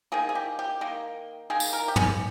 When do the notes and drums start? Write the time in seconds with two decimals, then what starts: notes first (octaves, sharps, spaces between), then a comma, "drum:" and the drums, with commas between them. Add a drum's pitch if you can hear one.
0.12 D#3 A#3 G#4
0.29 G#4
0.35 G4
0.59 G4
0.81 D#3 A#3
1.50 D#3 A#3 G#4
1.60 drum: tambourine
1.73 A#4
1.88 G4
1.96 G#4, drum: tom